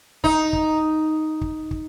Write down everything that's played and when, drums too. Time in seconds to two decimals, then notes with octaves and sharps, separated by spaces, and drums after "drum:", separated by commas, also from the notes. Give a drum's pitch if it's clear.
0.24 D#4, drum: kick
0.53 drum: kick
1.41 drum: kick
1.71 drum: kick